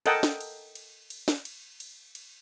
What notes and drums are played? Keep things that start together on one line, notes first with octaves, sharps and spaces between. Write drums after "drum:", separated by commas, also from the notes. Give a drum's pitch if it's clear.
A4 A#4 D#5 F#5 G5 A5, drum: cymbal
drum: snare
drum: cymbal
drum: cymbal
drum: cymbal
drum: snare
drum: cymbal
drum: cymbal
drum: cymbal